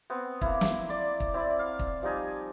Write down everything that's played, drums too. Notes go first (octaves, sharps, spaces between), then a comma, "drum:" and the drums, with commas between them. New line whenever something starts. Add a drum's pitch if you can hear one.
B3 C4
A#3 E4, drum: kick
drum: snare
D5 C6
drum: kick
C4 E4 D5
F5
drum: kick
F3 G3 D#4 G#5